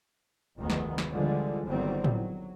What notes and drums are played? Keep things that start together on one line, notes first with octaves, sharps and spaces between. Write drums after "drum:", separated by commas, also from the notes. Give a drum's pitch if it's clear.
F1 D2 D#3 G#3 B3
drum: snare
drum: snare
D3 E3 F3 G3 G#3
G1 D3 D#3 F#3 G3 C4
F#3, drum: tom A2